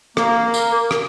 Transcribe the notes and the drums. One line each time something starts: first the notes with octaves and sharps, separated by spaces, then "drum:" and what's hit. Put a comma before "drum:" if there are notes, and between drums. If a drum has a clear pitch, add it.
A#3, drum: rim click
drum: tambourine
drum: rim click